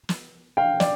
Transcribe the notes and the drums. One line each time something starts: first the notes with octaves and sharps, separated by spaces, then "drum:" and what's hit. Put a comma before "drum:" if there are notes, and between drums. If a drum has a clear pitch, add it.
drum: snare
F5 G5
D5, drum: snare